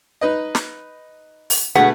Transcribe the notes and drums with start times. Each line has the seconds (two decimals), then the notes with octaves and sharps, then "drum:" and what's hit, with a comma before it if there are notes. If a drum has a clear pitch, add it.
0.21 D#4 B4 D#5
0.55 drum: snare
1.50 drum: open hi-hat
1.75 B2 D3 A3 G#4 B4 F#5